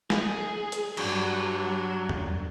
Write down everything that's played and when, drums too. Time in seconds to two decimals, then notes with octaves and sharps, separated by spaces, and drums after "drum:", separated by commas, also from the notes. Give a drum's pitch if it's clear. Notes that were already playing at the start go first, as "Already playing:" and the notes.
0.10 G#4, drum: snare
0.72 drum: hi-hat
0.97 G2 F#3 D4, drum: cymbal
2.09 drum: tom E2